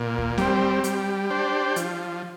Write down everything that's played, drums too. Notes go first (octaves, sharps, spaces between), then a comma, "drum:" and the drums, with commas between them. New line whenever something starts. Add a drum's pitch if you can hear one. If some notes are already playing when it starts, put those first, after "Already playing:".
Already playing: A#2
drum: kick D2
G3 C4, drum: snare
G3, drum: hi-hat
D4 G4 C5
F3, drum: hi-hat